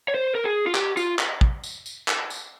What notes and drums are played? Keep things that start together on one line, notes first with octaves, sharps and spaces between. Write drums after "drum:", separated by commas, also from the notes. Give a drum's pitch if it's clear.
C#5
C5
A#4
G#4
F4
G4, drum: clap
F4, drum: tambourine
drum: clap
drum: kick
drum: tambourine
drum: tambourine
drum: clap
drum: tambourine